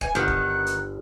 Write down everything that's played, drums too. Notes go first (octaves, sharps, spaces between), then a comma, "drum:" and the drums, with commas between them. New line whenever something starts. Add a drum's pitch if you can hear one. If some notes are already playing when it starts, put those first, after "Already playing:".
B4 G#5, drum: kick
G1 D#3 B3 F#6
drum: kick
drum: hi-hat